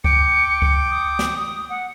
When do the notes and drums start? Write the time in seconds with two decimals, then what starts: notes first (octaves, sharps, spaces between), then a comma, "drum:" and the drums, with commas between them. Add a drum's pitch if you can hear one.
0.04 G5 D6 C#7, drum: kick C#2
0.62 drum: kick C#2
0.90 D#6
1.19 drum: snare
1.70 F#5